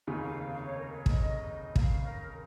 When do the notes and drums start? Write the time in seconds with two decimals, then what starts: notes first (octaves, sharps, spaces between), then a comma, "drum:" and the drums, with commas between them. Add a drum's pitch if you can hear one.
0.07 F1 D#2 C#3 G#5
0.21 F5
0.50 F5
0.64 C#5
0.78 A#4
0.92 C#5
1.06 D#5, drum: kick
1.20 D#5
1.48 D#5
1.76 F5, drum: kick
2.04 A#4